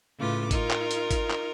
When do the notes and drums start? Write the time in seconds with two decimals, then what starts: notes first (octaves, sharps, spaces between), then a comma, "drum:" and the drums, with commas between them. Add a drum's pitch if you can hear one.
0.20 A2 C#3 F4 B4 D6
0.51 D#4 F4 A#4, drum: kick G#1, hi-hat
0.71 drum: clap
0.91 drum: hi-hat
1.11 drum: kick G#1, hi-hat
1.30 drum: clap